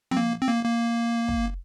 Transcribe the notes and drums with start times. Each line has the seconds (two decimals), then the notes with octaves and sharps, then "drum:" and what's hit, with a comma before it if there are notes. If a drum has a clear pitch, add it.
0.11 C4, drum: tom F3
0.17 A#3
0.42 C4
0.48 A#3
0.64 A#3
1.28 drum: kick